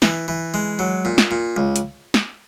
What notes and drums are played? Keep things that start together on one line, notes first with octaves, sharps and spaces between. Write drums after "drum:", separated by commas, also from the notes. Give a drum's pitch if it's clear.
E3, drum: snare
E3
G#3
F#3
A#2
drum: snare
A#2
C#2
drum: hi-hat
drum: snare